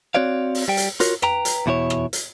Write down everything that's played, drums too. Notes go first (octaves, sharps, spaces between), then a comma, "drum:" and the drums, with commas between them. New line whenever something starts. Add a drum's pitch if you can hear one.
C4 F#4 C#5 D5 F5
drum: open hi-hat
G3 G5
drum: hi-hat
F4 F#4 A#4 C#5, drum: hi-hat
B4 G5 A#5, drum: rim click
drum: hi-hat
E2 B2 E4 F#4 C#5
drum: rim click
drum: hi-hat